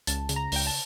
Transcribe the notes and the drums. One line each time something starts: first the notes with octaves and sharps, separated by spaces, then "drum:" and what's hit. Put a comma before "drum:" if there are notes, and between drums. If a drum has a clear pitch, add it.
C#2 A5, drum: hi-hat
C#3, drum: hi-hat
A#5
C#2 G5, drum: open hi-hat
A5